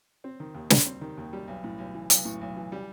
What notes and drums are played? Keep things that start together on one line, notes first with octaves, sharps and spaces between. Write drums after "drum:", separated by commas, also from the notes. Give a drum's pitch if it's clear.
C4
D#3
D#2
G3, drum: snare
C4
D#3
D#2
G3
B1
A2
B1
E3
B1, drum: hi-hat
A2
B1
E3
G3